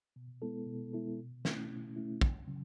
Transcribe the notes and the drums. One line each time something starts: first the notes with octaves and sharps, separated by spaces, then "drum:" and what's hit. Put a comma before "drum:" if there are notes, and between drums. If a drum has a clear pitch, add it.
B2
G#3 B3 E4 A4
B2
G#3 B3 E4 A4
B2
A3 C#4 E4, drum: snare
B2
A3 C#4 E4
F#2, drum: kick
C#3 F#3